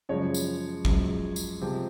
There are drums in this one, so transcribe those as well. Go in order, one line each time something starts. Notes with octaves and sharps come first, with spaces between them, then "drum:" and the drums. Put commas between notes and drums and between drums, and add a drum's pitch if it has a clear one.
F#2 C#3 F3 G#3 C#5
drum: tambourine
F#2 F3 G#3, drum: kick
drum: tambourine
C3 F3 G#3